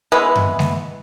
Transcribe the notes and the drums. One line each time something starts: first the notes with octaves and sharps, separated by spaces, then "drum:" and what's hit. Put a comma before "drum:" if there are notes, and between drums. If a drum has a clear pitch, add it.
E3 G#3 B3 B4
drum: tom F#2
drum: snare G#3